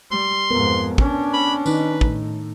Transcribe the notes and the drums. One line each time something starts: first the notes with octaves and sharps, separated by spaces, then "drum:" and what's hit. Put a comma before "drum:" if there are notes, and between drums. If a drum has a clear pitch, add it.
G3 C6
F2 G#2 B3 A#4
C#4 D4, drum: kick
B5
D#3 D#4 B4, drum: tambourine
A2, drum: kick